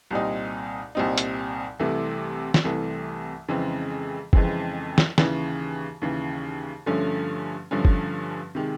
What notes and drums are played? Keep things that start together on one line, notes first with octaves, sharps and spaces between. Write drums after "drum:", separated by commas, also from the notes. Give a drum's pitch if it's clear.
C2 A#2 G3 C4 D#4
C2 A#2 G3 C4 D#4
drum: hi-hat
C2 C3 E3 A3
drum: snare
C2 C3 E3 A3
F2 C#3 E3 G#3 C4
F2 C#3 E3 G#3 C4, drum: kick
drum: snare
D#2 C#3 E3, drum: snare
D#2 C#3 E3
G2 D3 F3 A3 C#4
G2 D3 F3 A3 C#4
drum: kick
C3 D#3 G#3